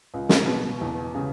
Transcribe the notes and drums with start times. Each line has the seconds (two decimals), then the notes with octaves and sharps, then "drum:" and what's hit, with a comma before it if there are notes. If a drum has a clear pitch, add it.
0.14 C#2
0.29 drum: snare
0.48 B2
0.81 E2
1.15 C#3